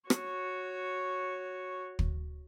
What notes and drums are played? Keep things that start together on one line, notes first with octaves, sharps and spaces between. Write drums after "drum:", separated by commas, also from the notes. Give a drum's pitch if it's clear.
F#4 C#5, drum: rim click
drum: kick